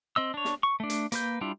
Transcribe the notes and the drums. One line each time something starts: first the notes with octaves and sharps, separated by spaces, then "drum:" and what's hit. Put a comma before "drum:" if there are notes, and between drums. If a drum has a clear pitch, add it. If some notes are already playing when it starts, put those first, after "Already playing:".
C4 D#5 E6
D4 C#5
drum: snare
C#6
A3 D4
drum: hi-hat
A#3 B4 G6, drum: hi-hat
G3 D4 E4 F4